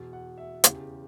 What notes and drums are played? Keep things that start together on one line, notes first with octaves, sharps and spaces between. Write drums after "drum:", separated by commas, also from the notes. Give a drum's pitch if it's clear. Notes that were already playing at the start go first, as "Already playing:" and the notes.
Already playing: E2 B2
F#5
E5
E2 C#3 E3 G4, drum: hi-hat